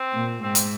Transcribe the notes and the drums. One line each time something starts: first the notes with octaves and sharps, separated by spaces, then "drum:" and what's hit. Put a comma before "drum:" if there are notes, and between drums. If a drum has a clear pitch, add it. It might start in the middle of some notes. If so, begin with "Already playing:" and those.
Already playing: C4
A#2
G#2 C4
drum: hi-hat